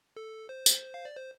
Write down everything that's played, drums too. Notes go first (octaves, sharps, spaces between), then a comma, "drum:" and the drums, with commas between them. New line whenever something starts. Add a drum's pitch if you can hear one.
A4
C5
drum: tambourine
F5
D5
C5